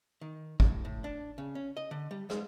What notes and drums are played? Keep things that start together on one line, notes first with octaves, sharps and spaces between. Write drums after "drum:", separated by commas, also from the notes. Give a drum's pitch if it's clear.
D#3
A2, drum: kick
A2
D4
C#3
C#4
D#5
D3
G3
G#3, drum: rim click